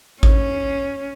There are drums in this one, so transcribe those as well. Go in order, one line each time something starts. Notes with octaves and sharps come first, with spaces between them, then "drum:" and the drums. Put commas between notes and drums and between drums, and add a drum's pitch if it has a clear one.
C#4, drum: kick G#1